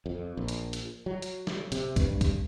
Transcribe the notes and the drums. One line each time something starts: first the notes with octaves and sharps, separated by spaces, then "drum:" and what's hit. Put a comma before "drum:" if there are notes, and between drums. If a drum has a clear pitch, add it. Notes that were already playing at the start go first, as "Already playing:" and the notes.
F2
A#1
drum: hi-hat
drum: hi-hat
F#3
drum: hi-hat
drum: snare
C3, drum: hi-hat
G2, drum: kick, hi-hat
drum: kick, hi-hat